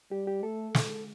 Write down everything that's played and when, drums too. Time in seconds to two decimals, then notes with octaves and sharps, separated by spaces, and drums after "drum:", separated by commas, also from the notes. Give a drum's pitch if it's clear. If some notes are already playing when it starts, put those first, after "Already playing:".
0.11 G3 G4
0.27 G4
0.43 A3 A4
0.75 drum: snare